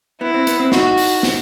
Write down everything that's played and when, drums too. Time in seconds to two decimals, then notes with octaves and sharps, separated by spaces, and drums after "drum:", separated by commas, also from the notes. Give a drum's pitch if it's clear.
0.21 B3 E4
0.34 C4
0.47 B3, drum: hi-hat
0.60 C4
0.72 D#4 F#4, drum: snare
0.98 drum: open hi-hat
1.23 drum: snare